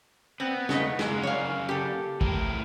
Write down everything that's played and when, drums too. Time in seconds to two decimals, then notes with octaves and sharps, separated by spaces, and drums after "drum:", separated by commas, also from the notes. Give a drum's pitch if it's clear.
0.40 B3 C4
0.69 C#3 A3 D#4, drum: snare
0.99 C#3 F#3 G#3 A#3, drum: snare
1.23 C#5 F5
1.69 G4 A4
2.21 A2 E4 A#4, drum: kick